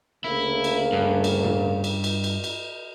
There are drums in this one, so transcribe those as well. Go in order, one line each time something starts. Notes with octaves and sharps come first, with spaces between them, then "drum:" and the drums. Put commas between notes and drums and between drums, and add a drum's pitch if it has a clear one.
D2 C#3 A#3 E4
drum: cymbal
G2
drum: cymbal
drum: tom A2
drum: cymbal
drum: cymbal
drum: cymbal
drum: cymbal